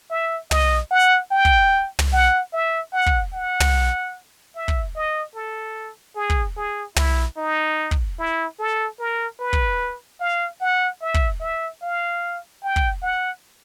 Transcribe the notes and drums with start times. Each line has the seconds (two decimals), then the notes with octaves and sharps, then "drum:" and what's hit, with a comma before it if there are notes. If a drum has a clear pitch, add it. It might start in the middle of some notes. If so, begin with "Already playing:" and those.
0.10 E5
0.51 D#5, drum: tom
0.91 F#5
1.31 G5
1.45 drum: kick
1.99 drum: tom
2.13 F#5
2.53 E5
2.93 F#5
3.06 drum: kick
3.33 F#5
3.60 drum: tom
4.55 E5
4.68 drum: kick
4.95 D#5
5.35 A4
6.16 G#4
6.30 drum: kick
6.56 G#4
6.96 E4, drum: tom
7.37 D#4
7.91 drum: kick
8.19 E4
8.59 A4
8.99 A#4
9.39 B4
9.53 drum: kick
10.20 F5
10.61 F#5
11.01 E5
11.14 drum: kick
11.41 E5
11.82 F5
12.62 G5
12.76 drum: kick
13.02 F#5